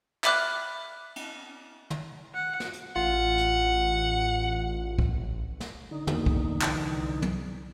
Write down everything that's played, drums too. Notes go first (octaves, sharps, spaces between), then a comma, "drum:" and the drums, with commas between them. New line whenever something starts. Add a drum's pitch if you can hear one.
E5 B5 D6 F6 F#6, drum: clap
drum: cymbal
drum: tom
F#5
drum: snare
drum: hi-hat
A1 F4 F#5
drum: hi-hat
drum: kick
drum: snare
D3 D#4
E2 A#3, drum: tom
drum: kick
C2 E3, drum: clap
drum: tom